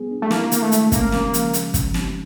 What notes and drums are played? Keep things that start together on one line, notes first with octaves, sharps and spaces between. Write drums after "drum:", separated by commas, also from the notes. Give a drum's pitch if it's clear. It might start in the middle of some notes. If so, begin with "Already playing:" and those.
Already playing: G3 B3 G#4
D4
A3
A#3 E4, drum: snare
D#3 A#3, drum: hi-hat
A3
G#3, drum: hi-hat
A#3 C#4, drum: kick, hi-hat
C#3, drum: snare
F3, drum: hi-hat
drum: hi-hat
drum: kick, hi-hat
drum: snare